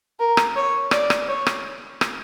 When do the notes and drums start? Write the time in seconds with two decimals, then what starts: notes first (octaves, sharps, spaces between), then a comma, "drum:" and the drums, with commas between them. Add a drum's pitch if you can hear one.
0.19 A#4
0.37 drum: rim click
0.56 C#5
0.91 D5, drum: rim click
1.10 drum: rim click
1.28 C#5
1.46 drum: rim click
2.01 drum: rim click